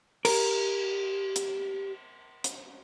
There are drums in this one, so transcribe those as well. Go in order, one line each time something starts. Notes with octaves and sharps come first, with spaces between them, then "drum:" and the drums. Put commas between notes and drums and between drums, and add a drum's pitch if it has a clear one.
G4 A#4, drum: cymbal
drum: hi-hat
drum: hi-hat